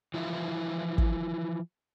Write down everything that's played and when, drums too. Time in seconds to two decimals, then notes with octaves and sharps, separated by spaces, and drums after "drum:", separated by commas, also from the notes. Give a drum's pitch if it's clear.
0.14 E3 F3 E4 F4
0.98 drum: kick